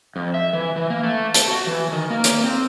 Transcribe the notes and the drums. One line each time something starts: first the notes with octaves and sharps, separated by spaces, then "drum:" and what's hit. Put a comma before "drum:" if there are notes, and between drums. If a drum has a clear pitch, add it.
F2
E5
E3
E3
A#3
A3
A5, drum: hi-hat
F#4
E3
D#3
A#3
drum: hi-hat
C4